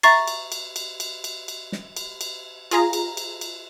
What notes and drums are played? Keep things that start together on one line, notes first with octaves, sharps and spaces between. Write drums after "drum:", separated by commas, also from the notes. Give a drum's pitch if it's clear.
E5 A#5 C#6 A6 C7, drum: cymbal
drum: cymbal
drum: cymbal
drum: cymbal
drum: cymbal
drum: cymbal
drum: cymbal
drum: snare
drum: cymbal
drum: cymbal
F4 G#4 A#5, drum: cymbal
drum: cymbal
drum: cymbal
drum: cymbal